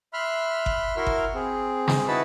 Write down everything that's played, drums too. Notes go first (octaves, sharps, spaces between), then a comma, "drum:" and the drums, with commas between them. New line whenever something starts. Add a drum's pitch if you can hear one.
E5 B5 C6 F6 F#6
drum: kick G1
E4 F#4 A#4 E5 C6 F6
drum: kick G1
C4 G#4
drum: snare
D#4 E4 F#4 B4 A5 B5